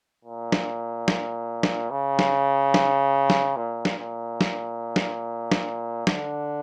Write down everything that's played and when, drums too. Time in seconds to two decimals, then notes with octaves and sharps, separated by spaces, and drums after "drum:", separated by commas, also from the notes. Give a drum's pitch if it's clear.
0.25 A#2
0.52 drum: snare
1.08 drum: snare
1.63 drum: snare
1.90 C#3
2.19 drum: snare
2.74 drum: snare
3.30 drum: snare
3.57 A#2
3.85 drum: snare
3.99 A#2
4.41 drum: snare
4.96 drum: snare
5.52 drum: snare
6.07 D3, drum: snare